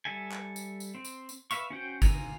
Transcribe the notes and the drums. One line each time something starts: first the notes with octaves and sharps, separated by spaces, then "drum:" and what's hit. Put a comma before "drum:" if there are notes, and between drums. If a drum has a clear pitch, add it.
G3 A4 E5 G#5
drum: clap
drum: tambourine
drum: tambourine
C4
drum: tambourine
drum: tambourine
B4 E5 F5 C#6, drum: tambourine
C#4 F#4 C5 G5
F4 G#5 A#5, drum: kick G1, tambourine